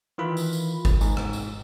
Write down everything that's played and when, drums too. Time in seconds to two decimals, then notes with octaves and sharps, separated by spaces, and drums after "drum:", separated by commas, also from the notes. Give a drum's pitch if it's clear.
0.18 D#3 E3 F4 B5
0.37 drum: tambourine
0.53 drum: tambourine
0.85 drum: kick G1, tambourine
1.01 G#2, drum: tambourine
1.17 drum: rim click
1.33 drum: tambourine